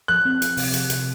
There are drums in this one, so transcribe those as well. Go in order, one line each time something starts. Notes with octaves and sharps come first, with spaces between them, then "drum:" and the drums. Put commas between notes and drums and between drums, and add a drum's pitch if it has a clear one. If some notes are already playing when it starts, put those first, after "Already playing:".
F3 F#6
C4
C4, drum: hi-hat
C3, drum: open hi-hat
F3, drum: hi-hat
C3, drum: hi-hat